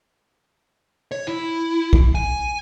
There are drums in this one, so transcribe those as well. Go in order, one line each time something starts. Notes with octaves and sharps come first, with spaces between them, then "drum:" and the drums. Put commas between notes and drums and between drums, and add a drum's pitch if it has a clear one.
C#5
E4
drum: kick
G#5